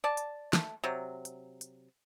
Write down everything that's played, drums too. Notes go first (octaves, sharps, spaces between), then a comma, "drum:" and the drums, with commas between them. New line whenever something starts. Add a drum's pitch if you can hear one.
D5 A5
drum: hi-hat
A3, drum: snare
C3 F#3
drum: hi-hat
drum: hi-hat